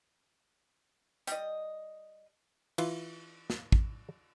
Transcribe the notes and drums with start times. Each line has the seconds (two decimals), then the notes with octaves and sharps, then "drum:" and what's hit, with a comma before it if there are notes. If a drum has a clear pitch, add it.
1.27 G3 D#5, drum: hi-hat
2.78 E3 F4, drum: cymbal
3.50 drum: snare
3.72 drum: kick